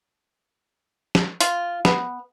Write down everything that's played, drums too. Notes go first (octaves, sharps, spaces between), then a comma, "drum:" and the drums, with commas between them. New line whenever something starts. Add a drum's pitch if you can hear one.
drum: snare
F4, drum: hi-hat
B3, drum: snare